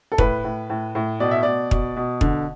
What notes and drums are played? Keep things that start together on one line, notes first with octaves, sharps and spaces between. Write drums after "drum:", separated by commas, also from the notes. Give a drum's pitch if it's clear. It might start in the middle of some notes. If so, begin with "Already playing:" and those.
A4
A2 B4, drum: kick
A2
A2
A2
B2 D5
E5
B2 D5
B2, drum: kick
B2
D3, drum: kick